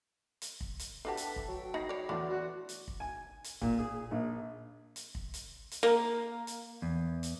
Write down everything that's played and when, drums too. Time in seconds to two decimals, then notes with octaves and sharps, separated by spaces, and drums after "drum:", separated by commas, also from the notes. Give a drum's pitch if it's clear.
0.42 drum: hi-hat
0.61 drum: kick
0.79 drum: hi-hat
1.05 D4 F#4 G4 A4 B4 E5 A5
1.17 drum: hi-hat
1.36 drum: kick
1.48 F#3 G5
1.74 D#4 B5 A#6 C7
1.89 C#5 D5
2.09 E2 A3 D4 D5 C6 D6
2.28 F#4
2.69 drum: hi-hat
2.88 drum: kick
3.00 G#5
3.44 drum: hi-hat
3.62 A#2, drum: kick
3.79 G#4
4.11 A#1
4.96 drum: hi-hat
5.15 drum: kick
5.34 drum: hi-hat
5.71 drum: hi-hat
5.83 A#3
6.47 drum: hi-hat
6.82 E2
7.23 drum: hi-hat